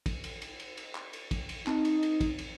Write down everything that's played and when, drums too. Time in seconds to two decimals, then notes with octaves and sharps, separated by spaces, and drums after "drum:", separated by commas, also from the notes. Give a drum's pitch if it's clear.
0.06 drum: kick, cymbal
0.24 drum: cymbal
0.42 drum: cymbal
0.60 drum: cymbal
0.77 drum: cymbal
0.95 drum: clap
1.13 drum: cymbal
1.31 drum: kick, cymbal
1.49 drum: cymbal
1.67 C4 D#4, drum: clap
1.85 drum: cymbal
2.03 drum: cymbal
2.21 drum: kick, cymbal
2.38 drum: cymbal